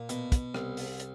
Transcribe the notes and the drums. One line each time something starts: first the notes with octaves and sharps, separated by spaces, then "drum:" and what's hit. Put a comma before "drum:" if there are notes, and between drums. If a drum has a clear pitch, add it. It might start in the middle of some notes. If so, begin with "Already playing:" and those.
Already playing: A#2
B2, drum: hi-hat
drum: kick, hi-hat
C2, drum: rim click
drum: open hi-hat
drum: hi-hat